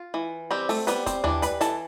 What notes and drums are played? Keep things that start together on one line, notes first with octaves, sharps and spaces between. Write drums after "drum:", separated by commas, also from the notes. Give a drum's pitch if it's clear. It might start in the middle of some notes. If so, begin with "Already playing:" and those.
Already playing: F4
E3
G3 C4 G4
A3 A4, drum: open hi-hat
G3 B3 B4, drum: hi-hat
C4 C5, drum: kick, hi-hat
E3 D4 D5, drum: tom D#2
B4 B5, drum: hi-hat
E3 A4 A5, drum: hi-hat